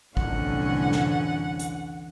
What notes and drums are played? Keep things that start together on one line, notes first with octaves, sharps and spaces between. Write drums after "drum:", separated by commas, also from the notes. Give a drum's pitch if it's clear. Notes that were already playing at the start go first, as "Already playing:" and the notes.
C2 F2 A2 D3 E3 C#4 F#5, drum: kick A1
drum: snare
drum: hi-hat